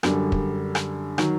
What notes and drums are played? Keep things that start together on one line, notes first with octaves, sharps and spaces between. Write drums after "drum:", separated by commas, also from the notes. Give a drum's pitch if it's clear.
F#2 D3 G3, drum: rim click
drum: kick
drum: rim click
D#3 F#3, drum: rim click